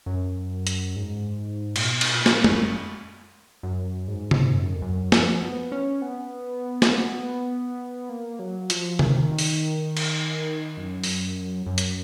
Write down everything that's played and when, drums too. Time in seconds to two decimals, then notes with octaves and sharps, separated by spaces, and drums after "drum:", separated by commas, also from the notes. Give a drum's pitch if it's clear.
0.06 F#2
0.67 drum: hi-hat
0.96 G#2
1.76 A#2, drum: cymbal
1.84 B2
2.01 drum: cymbal
2.14 A#2
2.26 drum: snare
2.44 F#2, drum: tom
3.63 F#2
4.08 G#2
4.31 drum: tom C3
4.53 F#2
4.75 F2
4.82 F#2
5.12 F3, drum: snare
5.41 B3
5.72 C#4
6.02 B3
6.82 drum: snare
8.09 A#3
8.39 F#3
8.70 F3, drum: hi-hat
8.99 D#3, drum: tom C3
9.38 drum: open hi-hat
9.97 drum: cymbal
10.77 F#2
11.04 drum: open hi-hat
11.66 F#2
11.78 drum: hi-hat